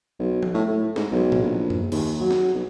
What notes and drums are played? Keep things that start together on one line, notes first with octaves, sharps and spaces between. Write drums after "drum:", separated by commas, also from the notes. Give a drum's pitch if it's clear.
B1
drum: tom F3
A2
A2
G#2, drum: snare
B1
drum: tom A2
A#1
drum: tom F#2
D#2, drum: cymbal
F#3
drum: snare
B1